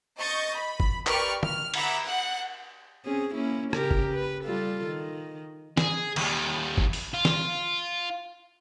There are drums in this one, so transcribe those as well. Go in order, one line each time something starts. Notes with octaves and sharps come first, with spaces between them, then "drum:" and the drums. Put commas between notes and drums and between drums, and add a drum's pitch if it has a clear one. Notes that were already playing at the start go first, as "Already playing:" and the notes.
D#5 C#6 G6 A6 A#6
B5
drum: kick
G4 A#4 B4 D5 C#6 F6, drum: clap
F6, drum: tom
E5 F#5 A#5 B5 D6 E6, drum: cymbal
F#5
C4 C#4 G#4
A#3 C#4 E4
C#3 G4 A#4, drum: rim click
drum: kick
B4
G3 F4 A4
D#3
G#4, drum: snare
D#2 G3, drum: cymbal
drum: kick
drum: open hi-hat
F4
drum: snare